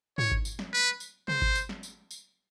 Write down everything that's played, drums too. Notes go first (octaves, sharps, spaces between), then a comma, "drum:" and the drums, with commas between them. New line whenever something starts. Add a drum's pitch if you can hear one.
C#5, drum: tom
drum: kick G#1
drum: tambourine
drum: snare
B4
drum: tambourine
C5, drum: tom
drum: kick G#1
drum: tambourine
drum: snare
drum: tambourine
drum: tambourine